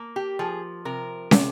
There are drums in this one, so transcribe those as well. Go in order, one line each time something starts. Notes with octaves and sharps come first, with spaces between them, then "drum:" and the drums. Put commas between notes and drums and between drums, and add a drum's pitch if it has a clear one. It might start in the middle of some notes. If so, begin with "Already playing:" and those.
Already playing: A#3
G4
F3 G#4
C3 A#4
C3, drum: snare